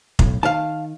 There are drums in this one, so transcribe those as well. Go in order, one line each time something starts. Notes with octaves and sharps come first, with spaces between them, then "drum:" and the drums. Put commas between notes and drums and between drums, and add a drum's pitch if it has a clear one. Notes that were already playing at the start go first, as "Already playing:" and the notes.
B1 A2, drum: kick F1
D#3 F5 A5